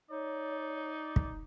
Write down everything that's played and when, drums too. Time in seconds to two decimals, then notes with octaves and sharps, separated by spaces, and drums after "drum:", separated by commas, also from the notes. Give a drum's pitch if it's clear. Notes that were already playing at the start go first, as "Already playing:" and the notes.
0.10 D#4 C#5 D5
1.16 drum: kick